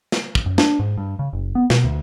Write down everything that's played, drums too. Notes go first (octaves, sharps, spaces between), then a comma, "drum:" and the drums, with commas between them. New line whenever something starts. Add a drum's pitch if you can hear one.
drum: snare
drum: kick
F#2
D4, drum: snare
G#2
G2
C#3
F#1
B3
B2, drum: snare
D2